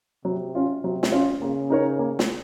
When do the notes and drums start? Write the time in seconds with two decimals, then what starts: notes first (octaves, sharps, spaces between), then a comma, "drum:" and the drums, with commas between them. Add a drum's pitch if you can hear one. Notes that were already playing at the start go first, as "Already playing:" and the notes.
0.25 C3 F#3
0.55 C#4 F4
0.84 C3 F#3
1.03 drum: snare
1.12 C#4 F4
1.42 C#3 A#3
1.70 D#4 A#4 C#5
1.99 A#3
2.19 drum: snare